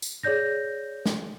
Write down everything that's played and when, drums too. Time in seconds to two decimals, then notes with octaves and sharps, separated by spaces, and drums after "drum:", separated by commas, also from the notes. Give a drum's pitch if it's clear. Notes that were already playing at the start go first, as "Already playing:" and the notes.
0.02 drum: tambourine
0.23 G#4 C#5 D5 G6 A#6
1.06 drum: snare